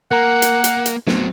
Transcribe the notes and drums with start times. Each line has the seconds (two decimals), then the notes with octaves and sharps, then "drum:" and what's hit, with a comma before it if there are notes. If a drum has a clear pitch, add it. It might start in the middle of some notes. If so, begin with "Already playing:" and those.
0.11 A#3 A#4 F#5 A#5
0.42 drum: hi-hat
0.64 drum: hi-hat
0.86 drum: hi-hat
1.07 F#3 A3 B3 C4, drum: snare